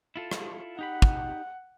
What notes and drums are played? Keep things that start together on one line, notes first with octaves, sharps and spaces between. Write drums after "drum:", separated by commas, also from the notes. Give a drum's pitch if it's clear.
E4 F4 A4
drum: rim click
D#4 G4 F#5 B5
drum: kick